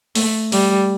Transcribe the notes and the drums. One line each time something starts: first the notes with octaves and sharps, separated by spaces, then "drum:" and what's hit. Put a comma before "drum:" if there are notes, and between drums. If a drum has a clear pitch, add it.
A3, drum: open hi-hat
G3, drum: open hi-hat